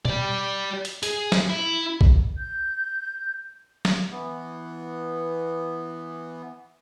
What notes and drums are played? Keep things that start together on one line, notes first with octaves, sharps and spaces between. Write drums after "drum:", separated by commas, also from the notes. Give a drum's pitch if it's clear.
G4 D5, drum: tom B2
drum: hi-hat
G#4, drum: hi-hat
drum: snare
E4
drum: kick A#1
G6
drum: snare
E3 B3